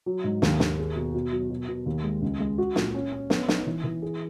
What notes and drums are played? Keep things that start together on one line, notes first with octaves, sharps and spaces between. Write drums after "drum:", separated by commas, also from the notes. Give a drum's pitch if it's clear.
F#3
G#2
D#2, drum: snare
D#2, drum: snare
G#4
B2
B2
F#3
B2
B2
D#2
G#3
C#2
G#3
F#4
A#2, drum: snare
C#4
C#4
B3, drum: snare
D#4, drum: snare
E3
E3
G#4